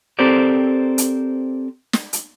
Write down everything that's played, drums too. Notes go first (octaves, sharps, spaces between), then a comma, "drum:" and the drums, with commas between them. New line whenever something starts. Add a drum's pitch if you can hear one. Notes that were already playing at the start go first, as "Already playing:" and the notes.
C4 G4 A4 A#4 C5 D5
drum: hi-hat
drum: snare
drum: hi-hat